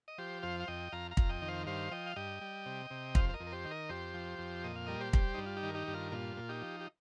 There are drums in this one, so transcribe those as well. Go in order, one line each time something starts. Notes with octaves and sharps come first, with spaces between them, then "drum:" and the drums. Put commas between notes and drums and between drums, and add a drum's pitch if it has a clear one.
D#5
F3 G4 C5
F2 C5 F5
F5
F2 D#5 G5
F2 F5 A#5
F5 A#5
F2, drum: kick
D#5 G5
D#3
C5 F5
G2 C5 F5
F3 D#5 G5
F5
G2 D#5 G5
G3
C3
C3
F2 C5 F5, drum: kick
C5
A#4 D#5
F2
A#4
G4 C5
D#3
A#4 D#5
F2 G4 C5
F3
F2
A#2 D#5
F5
G3 A#4 D#5
G4 C5
G3, drum: kick
G2 D#4
F4
D#4 G4
D#3
A#4
D#4 G4
G2
F4 A#4
A#2 F4
A#2
D#4 G4
F3
G4